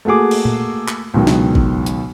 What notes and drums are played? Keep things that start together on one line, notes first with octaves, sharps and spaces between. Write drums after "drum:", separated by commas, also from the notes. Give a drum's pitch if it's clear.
A3 A#3 F#4 G#4 D6
drum: cymbal
drum: tom A#2
drum: clap
C#2 B2 D#3 F#3
drum: snare
drum: kick A1
drum: hi-hat